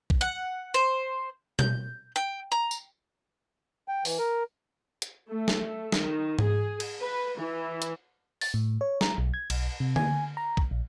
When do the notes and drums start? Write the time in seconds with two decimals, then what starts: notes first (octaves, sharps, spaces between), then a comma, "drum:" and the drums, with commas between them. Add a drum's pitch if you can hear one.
0.10 drum: kick
0.21 F#5
0.74 C5
1.59 G6, drum: tom B2
2.16 G5
2.52 A#5
2.71 drum: tambourine
3.88 G5
4.05 E3, drum: open hi-hat
4.19 A#4
5.02 drum: hi-hat
5.29 A3
5.48 drum: snare
5.92 D#3, drum: snare
6.39 G#4, drum: tom G#2
6.80 drum: cymbal
7.01 B4
7.38 E3
7.82 drum: hi-hat
8.41 A6, drum: open hi-hat
8.54 A2
8.81 C#5
9.01 A#5, drum: snare
9.18 B1
9.34 G#6
9.50 B1, drum: cymbal
9.80 C3
9.96 G#5, drum: tom D3
10.37 A#5
10.57 drum: kick
10.71 A#1